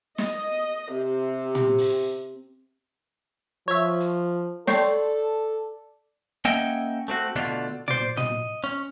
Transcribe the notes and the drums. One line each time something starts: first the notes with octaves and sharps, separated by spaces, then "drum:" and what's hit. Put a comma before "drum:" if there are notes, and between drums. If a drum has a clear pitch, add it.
D#5, drum: snare
C3
drum: tom
drum: open hi-hat
F3 C#5 E5
drum: hi-hat
A4 C#5 D5 G5 C6, drum: snare
A#3 C#4 D#5 E5 F#5 G5
A3 C4 F#4
B2 D3 A3 D4 F4
C5 D5, drum: tom
D#5, drum: tom
C#4